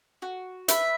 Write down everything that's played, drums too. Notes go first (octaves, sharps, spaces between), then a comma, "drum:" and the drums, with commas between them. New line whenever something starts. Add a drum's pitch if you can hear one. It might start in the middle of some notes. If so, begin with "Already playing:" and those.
F#4
B4 E5, drum: hi-hat